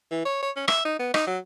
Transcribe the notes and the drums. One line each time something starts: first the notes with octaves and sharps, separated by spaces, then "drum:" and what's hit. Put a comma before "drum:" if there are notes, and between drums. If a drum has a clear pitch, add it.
E3
C#5
C#5
C#4
E5, drum: rim click
D#4
B3
D#4, drum: rim click
F#3